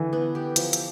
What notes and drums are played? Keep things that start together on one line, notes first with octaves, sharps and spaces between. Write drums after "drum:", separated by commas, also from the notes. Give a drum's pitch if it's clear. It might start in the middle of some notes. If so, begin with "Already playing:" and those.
Already playing: D3 E3
B3
G4
F3, drum: hi-hat
drum: hi-hat